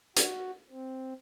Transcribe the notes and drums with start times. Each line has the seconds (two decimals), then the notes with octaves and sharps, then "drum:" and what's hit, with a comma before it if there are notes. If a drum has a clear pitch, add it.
0.16 F#4, drum: hi-hat
0.71 C4